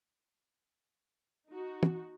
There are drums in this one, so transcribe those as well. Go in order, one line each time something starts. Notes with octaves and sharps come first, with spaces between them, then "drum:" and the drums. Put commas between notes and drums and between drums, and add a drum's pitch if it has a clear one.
D#4 F#4
drum: tom